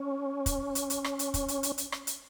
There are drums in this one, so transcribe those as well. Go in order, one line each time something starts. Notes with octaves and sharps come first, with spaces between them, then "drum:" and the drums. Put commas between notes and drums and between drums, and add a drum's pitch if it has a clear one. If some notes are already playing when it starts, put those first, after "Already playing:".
Already playing: C#4
drum: kick, hi-hat
drum: hi-hat
drum: hi-hat
drum: rim click
drum: hi-hat
drum: kick, hi-hat
drum: hi-hat
drum: hi-hat
drum: hi-hat
drum: rim click
drum: hi-hat